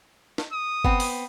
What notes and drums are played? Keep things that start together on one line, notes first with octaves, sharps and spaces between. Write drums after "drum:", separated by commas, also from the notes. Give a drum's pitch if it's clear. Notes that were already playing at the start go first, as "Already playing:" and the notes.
drum: snare
D#6
B3 C4, drum: kick G1
drum: open hi-hat